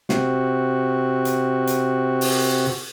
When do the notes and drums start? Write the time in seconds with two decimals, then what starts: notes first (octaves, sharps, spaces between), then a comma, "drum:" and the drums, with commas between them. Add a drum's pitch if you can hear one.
0.09 C3 F#4, drum: snare
1.25 drum: hi-hat
1.67 drum: hi-hat
2.21 drum: open hi-hat